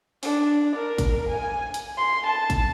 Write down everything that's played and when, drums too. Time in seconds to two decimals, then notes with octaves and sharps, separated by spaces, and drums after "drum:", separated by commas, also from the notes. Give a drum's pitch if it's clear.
0.23 D4, drum: open hi-hat
0.76 A#4
0.98 drum: kick, hi-hat
1.29 G#5
1.74 drum: hi-hat
1.97 C6
2.27 A5
2.50 drum: kick, hi-hat